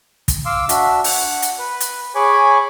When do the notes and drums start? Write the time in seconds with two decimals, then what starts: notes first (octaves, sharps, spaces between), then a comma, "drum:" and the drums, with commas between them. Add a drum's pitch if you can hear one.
0.28 drum: kick, hi-hat
0.46 F5 C6 D6 E6
0.69 D4 F#4 E5, drum: hi-hat
1.04 F#5, drum: open hi-hat
1.42 drum: hi-hat
1.59 B4
1.80 drum: hi-hat
2.15 G#4 C#5 G#5 B5 C#6 D6